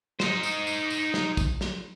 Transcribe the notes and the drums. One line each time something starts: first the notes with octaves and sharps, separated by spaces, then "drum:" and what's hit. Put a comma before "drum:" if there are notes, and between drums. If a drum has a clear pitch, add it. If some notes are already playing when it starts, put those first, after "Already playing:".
D#4 C5, drum: snare
drum: tambourine
drum: tambourine
drum: tambourine
drum: snare
drum: kick, tambourine
drum: snare